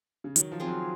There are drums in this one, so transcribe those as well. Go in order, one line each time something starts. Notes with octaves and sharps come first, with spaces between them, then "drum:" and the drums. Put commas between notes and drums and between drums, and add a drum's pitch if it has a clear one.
C#3
D#3 F#3, drum: hi-hat
F3
C4 F4 G#4
F#3